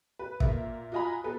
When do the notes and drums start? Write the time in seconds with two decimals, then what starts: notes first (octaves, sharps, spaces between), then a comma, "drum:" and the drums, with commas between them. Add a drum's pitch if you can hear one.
0.19 B4
0.40 A#2 A#3 E5, drum: kick
0.92 F4 F#4 D#5 G#5 A#5 B5
1.24 B3 A4 B4